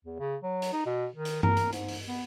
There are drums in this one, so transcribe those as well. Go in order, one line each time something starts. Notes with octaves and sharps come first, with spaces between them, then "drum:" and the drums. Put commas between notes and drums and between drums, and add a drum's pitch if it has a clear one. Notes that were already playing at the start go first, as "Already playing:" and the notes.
E2
C#3
F#3
drum: hi-hat
D#4
B2
D#3
drum: hi-hat
A#4, drum: tom G2
drum: hi-hat
G#2, drum: hi-hat
drum: open hi-hat
B3